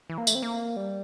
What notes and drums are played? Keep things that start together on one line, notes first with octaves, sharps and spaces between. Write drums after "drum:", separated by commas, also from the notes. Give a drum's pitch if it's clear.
E3
A#3
A3, drum: tambourine
C4
A#3
G3